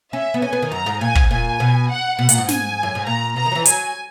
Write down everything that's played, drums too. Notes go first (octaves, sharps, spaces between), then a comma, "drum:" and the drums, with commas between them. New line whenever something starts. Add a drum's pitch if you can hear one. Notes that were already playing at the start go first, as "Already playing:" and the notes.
C#4 E5
B3
C#4 G#5
B3
D#3
F#2 A#5
G#2
A#2 G#5
G#2, drum: kick
A#2 G#5
B2
F#5
B2 F#5
A#2, drum: hi-hat
G#2
G#5, drum: snare
F#2
G#2
A#2 A#5
B2 A#5
D#3
F#3
E3
F#3 G#5, drum: hi-hat